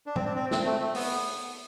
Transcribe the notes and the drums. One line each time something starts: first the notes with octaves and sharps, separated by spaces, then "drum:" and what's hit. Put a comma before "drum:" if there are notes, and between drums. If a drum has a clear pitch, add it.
D4
C4, drum: tom
D4
C4
C4, drum: snare
A3
A3
B3, drum: open hi-hat